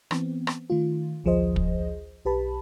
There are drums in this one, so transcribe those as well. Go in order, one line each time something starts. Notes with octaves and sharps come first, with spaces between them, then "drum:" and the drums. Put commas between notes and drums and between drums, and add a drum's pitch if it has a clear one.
E3 B3 C4, drum: rim click
drum: rim click
D#3 A3 F4
A1 D2 F3 G#4 C5 D#5
drum: kick
B1 G4 B4 A5 B5